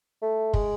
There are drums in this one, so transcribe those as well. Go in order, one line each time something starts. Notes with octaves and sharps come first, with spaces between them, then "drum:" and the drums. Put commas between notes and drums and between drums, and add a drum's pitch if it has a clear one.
A3
G#3, drum: kick